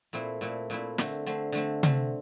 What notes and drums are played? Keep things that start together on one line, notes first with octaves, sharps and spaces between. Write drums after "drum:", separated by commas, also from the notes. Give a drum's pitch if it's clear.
A#2 A3 C4 E4
A#2 A3 C4 E4
A#2 A3 C4 E4
D3 A3 C4, drum: snare
D3 A3 C4
D3 A3 C4
D3 A3 C4, drum: tom C3